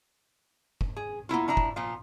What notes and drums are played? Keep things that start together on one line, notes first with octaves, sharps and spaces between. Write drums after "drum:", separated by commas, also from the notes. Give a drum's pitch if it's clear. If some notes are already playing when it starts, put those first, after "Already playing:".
drum: kick
G#4
A#3 B3 E4 F4
F3 D4 E4 A#5
drum: kick
A#2 F3 F4